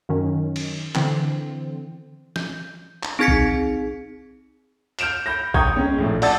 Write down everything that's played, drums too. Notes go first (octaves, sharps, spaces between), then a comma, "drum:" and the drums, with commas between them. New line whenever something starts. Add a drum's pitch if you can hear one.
F#2 D#3 C#4
drum: cymbal
D3 E3 C4, drum: clap
G6, drum: snare
drum: clap
C4 D#4 G#4 G#6 B6 C#7
drum: kick A#1
F6 G6 D7 E7 F7, drum: hi-hat
B5 G6 A#6
G5 A#5 C#6 D#6 G6 G#6, drum: kick A#1
G#3 C#4
A#1 A2
D5 F#5 A5 E6 A6, drum: open hi-hat